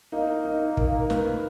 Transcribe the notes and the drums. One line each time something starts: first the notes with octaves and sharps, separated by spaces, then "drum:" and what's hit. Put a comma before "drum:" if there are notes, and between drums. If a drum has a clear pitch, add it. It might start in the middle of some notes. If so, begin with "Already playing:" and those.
A#3 D#4
D#4
drum: kick
A#4
B4, drum: snare